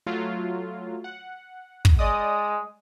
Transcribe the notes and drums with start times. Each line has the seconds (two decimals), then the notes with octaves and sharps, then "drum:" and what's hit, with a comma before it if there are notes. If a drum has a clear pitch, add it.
0.07 F#3 A3 F4
1.04 F#5
1.85 drum: kick
1.99 G#3 D5 D#5 D#6